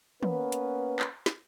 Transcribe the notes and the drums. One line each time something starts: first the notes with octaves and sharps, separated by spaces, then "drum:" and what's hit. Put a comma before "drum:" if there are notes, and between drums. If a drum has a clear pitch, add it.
A#3 B3 C#4 B4, drum: tom
drum: hi-hat
drum: clap
drum: snare